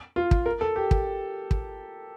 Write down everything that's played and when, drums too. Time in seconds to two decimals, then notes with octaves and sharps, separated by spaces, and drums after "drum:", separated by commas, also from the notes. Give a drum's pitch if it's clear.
0.16 F4
0.31 drum: kick
0.46 A#4
0.61 A4
0.76 G4
0.91 drum: kick
1.51 drum: kick